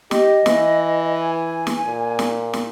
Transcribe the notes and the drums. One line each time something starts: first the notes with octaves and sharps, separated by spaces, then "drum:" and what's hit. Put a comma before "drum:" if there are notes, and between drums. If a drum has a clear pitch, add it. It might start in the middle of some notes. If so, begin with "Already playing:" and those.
G4 D#5, drum: snare
E3, drum: snare
G#5
drum: snare
A#2
drum: snare
drum: snare